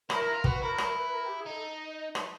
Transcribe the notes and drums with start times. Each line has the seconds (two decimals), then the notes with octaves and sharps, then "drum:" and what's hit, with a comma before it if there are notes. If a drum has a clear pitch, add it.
0.10 E4 A#4, drum: rim click
0.22 E4
0.33 F4
0.44 F#4 B4, drum: kick
0.61 E4 A#4
0.78 A#4, drum: rim click
0.96 B4
1.12 A#4
1.24 G4
1.36 G#4
1.46 D#4 A4
2.15 drum: rim click